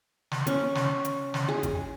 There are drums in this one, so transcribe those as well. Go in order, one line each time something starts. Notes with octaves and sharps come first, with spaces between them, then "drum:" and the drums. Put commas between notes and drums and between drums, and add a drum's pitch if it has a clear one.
drum: snare
C#4, drum: hi-hat
drum: snare
drum: hi-hat
drum: snare
G#4
drum: kick G#1, hi-hat